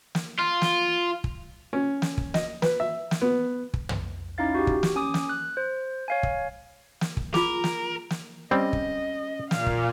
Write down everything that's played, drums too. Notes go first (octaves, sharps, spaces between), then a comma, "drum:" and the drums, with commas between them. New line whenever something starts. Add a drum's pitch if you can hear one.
drum: snare
F4
drum: snare
drum: kick
C#4
drum: snare
drum: kick
D#5, drum: snare
B4, drum: snare
E5
drum: snare
B3
drum: kick
drum: tom
C#4 D#4 E4 F5 A6
F#4 G4
drum: kick
drum: snare
C#4 G#5 D6 D#6
drum: snare
F#6
C5
C#5 F5 G#5
drum: kick
drum: snare
drum: kick
F4 G#4 A#4, drum: snare
drum: snare
drum: snare
G3 C4 C#4 D#5
drum: kick
A#2 F5, drum: snare
drum: kick